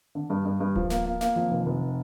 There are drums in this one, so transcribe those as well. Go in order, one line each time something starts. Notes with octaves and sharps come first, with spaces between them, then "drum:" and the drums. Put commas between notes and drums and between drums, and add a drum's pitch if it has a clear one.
D3
G2
G2
G2
F3, drum: kick D1
A#3, drum: snare
A#3
A#3, drum: snare
F2
F1
F1